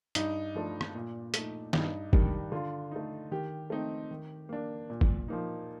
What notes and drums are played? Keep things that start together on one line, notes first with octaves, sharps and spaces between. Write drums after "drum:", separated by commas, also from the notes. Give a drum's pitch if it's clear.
G2 D#4, drum: hi-hat
F3 A3 D4
drum: rim click
A#2
A3 D#4, drum: hi-hat
G2 D#4, drum: snare
D#3 G3 D4, drum: kick
D3 F4
A3 D#4
D#3 G4
A3 C4 D#4
D#3
A#3 D4
A#2
drum: kick
F3 A#3 D#4